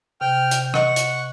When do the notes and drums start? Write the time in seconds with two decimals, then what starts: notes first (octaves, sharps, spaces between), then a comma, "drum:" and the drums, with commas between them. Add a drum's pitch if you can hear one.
0.21 C3 G5 F6
0.51 drum: hi-hat
0.74 D#5 F#5 C#6, drum: rim click
0.96 drum: hi-hat